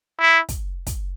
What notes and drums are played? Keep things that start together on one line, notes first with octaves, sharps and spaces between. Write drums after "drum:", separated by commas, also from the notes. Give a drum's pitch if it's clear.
E4
drum: kick, hi-hat
drum: kick, hi-hat